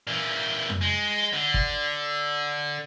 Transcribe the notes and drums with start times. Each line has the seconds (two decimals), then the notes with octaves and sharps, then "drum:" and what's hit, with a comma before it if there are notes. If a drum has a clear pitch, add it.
0.07 A#2 E3
0.70 drum: tom F2
0.81 G#3
1.33 D3
1.54 drum: kick G1